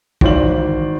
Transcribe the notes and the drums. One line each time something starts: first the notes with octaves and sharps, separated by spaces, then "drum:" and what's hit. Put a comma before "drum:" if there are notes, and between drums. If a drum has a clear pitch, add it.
G#1 D#3 E3 C5 D5 F#7, drum: kick